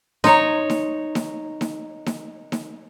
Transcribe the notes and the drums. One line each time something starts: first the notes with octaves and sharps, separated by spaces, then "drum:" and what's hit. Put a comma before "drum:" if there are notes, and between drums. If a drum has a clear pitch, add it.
D#4 C#5 A#5 C6, drum: snare D#4
drum: snare D#4
drum: snare D#4
drum: snare D#4
drum: snare D#4
drum: snare D#4